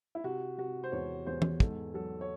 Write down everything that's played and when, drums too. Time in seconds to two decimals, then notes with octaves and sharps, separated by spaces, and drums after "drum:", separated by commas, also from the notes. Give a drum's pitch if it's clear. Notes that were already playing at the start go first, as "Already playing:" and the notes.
0.15 E4
0.24 C3 F#4
0.58 C3 F#4
0.84 C5
0.92 E2 C#5
1.27 E2 C5
1.42 drum: tom E3
1.60 G#2 A4, drum: kick
1.94 F#3 A4
2.21 C#5